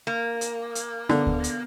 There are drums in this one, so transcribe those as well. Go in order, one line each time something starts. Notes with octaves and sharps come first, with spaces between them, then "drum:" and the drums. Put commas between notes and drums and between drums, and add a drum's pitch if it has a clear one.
A#3
drum: hi-hat
drum: hi-hat
D3 B3, drum: rim click
drum: kick D2
drum: hi-hat